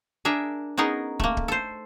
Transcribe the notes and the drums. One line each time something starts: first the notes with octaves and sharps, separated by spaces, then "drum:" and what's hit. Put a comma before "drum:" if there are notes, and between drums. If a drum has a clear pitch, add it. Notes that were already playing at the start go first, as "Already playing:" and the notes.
D4 G#4 A#4 E5
B3 C#4 D#4 G#4 A#4
A3 A#3, drum: kick
drum: kick
A4 C5